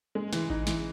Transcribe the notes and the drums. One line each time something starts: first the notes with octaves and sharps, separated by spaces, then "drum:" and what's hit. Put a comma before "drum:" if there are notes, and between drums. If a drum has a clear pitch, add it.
G#3
E3, drum: snare
D#4, drum: kick A1
E3, drum: snare